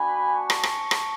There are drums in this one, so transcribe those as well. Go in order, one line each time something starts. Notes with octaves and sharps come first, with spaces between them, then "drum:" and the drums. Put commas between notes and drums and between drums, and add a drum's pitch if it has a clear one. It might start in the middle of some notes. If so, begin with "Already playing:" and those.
Already playing: B3 D4 F#4 G#5 B5
A5 C#6
drum: rim click
drum: rim click
drum: rim click